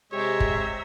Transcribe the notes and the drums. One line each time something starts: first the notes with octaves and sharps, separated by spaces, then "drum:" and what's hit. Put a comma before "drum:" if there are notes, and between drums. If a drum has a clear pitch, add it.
C3 G#3 G4 C5 C#5 E5 A#5
drum: kick F#1